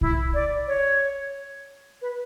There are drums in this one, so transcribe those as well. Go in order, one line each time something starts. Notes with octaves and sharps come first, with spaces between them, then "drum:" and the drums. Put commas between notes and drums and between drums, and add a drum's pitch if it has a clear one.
E4, drum: kick B1
D5
C#5
B4